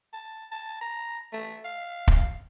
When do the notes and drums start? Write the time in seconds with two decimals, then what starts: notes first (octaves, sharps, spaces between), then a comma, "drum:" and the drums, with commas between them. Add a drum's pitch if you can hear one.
0.13 A5
0.52 A5
0.81 A#5
1.33 A3
1.65 F5
2.08 drum: kick